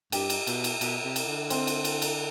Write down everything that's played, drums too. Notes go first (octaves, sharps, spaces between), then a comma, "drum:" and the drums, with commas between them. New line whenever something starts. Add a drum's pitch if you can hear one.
G2 G4, drum: cymbal
drum: cymbal
B2, drum: cymbal
drum: cymbal
B2, drum: cymbal
C3
drum: cymbal
D3
C4, drum: cymbal
drum: cymbal
drum: cymbal
drum: cymbal